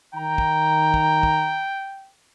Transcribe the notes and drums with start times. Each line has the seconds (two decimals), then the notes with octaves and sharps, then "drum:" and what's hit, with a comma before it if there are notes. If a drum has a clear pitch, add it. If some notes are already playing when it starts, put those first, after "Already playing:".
0.15 D#3 G5 A#5
0.38 drum: kick
0.94 drum: kick
1.23 drum: kick